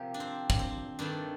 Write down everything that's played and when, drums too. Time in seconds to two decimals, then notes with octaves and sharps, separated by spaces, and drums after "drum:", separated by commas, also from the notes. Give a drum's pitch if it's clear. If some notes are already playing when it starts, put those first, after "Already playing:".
Already playing: C3 F3 A#3 G4
0.14 D4
0.20 C4
0.50 drum: kick
0.59 C4
0.99 G2 D#3 A3 D4